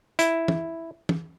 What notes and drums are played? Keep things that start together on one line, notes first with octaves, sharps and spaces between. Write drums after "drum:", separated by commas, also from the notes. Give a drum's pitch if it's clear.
E4, drum: hi-hat
drum: tom
drum: tom